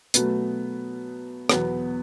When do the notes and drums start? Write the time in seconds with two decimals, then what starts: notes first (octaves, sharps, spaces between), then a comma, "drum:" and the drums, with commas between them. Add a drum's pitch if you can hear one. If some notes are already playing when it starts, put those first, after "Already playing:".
0.14 B2 F#3 A3 B3, drum: hi-hat
1.49 E2 B2 F#3 B3, drum: rim click